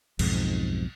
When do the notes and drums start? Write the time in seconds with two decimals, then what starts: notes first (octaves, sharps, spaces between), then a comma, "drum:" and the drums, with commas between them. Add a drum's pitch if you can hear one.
0.19 B1 F2 G#2, drum: cymbal